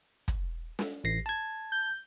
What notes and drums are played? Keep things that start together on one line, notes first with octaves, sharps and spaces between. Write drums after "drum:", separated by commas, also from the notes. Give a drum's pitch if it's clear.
drum: kick, hi-hat
drum: snare
A1 A#6 C7
A5 G#6
G6